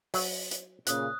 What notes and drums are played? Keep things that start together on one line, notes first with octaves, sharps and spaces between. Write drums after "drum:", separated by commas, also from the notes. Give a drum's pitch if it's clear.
F#3, drum: open hi-hat
drum: hi-hat
A#2 C#3 D#6 F#6, drum: hi-hat